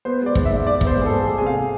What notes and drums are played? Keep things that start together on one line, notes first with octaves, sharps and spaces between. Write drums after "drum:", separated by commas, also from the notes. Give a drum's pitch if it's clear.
B3 C5
G#3 D5
G#2, drum: kick
E5
G#2
G#2 D5
B3, drum: kick
C5
G#2
G#4
A4
G#3
A3 G#4
C3 G#5
F5